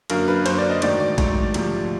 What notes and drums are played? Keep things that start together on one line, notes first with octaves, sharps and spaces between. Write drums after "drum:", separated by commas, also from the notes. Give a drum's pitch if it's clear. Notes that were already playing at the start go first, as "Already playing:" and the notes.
F#2 D3 F#3 A#3 A#4, drum: cymbal
B4
F#2 D3 F#3 A#3 C5, drum: cymbal
D5
D#5
G#2 D#3 F#3 A3 D5, drum: cymbal
D5
G#2 D#3 F#3 A3, drum: kick A1, cymbal
D2 C3 F3 A3, drum: cymbal